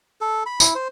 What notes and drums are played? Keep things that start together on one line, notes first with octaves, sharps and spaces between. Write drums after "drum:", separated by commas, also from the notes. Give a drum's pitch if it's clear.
A4
B5
E4, drum: tambourine
C5